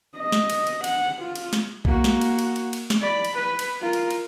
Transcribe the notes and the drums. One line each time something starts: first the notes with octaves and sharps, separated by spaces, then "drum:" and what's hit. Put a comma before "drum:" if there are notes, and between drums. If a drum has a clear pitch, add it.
D#5
drum: snare
drum: cymbal
drum: cymbal
F#5, drum: cymbal
F4
drum: cymbal
drum: snare
A#3 F#4, drum: kick A#1
drum: snare
drum: cymbal
drum: cymbal
drum: cymbal
drum: cymbal
drum: snare
D5 B5
drum: cymbal
B4
drum: cymbal
F4 A#4
drum: cymbal
drum: cymbal